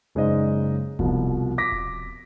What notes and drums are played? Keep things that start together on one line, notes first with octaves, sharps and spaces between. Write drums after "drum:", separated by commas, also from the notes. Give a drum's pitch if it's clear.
F#1 G#3 D#4 C5 D5 D#5
C2 B2 F3, drum: kick D#1
D6 A#6 B6
drum: kick D#1